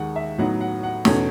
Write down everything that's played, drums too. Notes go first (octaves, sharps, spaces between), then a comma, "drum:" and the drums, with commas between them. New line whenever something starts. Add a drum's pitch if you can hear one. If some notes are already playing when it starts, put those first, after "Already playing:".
Already playing: D#2 D#3 G#3 D#4 F#5
E5
A2 F#3 B3 D#4 F#5
F#5
F#5
E2 B2 A3 C#4, drum: snare